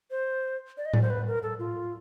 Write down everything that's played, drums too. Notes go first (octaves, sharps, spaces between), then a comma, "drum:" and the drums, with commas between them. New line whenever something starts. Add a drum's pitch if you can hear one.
C5
D5
D#5
D5, drum: tom A2
C5
B4
A#4
A4
F4